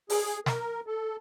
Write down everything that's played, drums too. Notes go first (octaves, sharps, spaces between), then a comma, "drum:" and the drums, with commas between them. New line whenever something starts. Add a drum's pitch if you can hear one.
G#4, drum: open hi-hat
A#4, drum: snare
A4